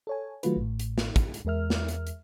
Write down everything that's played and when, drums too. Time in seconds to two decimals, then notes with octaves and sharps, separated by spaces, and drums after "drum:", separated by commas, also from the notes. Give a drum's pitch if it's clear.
0.07 A4 C#5 G#5
0.43 D#3 F#3 A3 F4 F#4 B4, drum: hi-hat
0.56 A1 A2
0.79 drum: hi-hat
0.98 drum: snare
1.16 drum: kick, hi-hat
1.34 drum: hi-hat
1.45 E2 G#3 A#4 E5 F6
1.70 drum: snare
1.88 drum: hi-hat
2.07 drum: hi-hat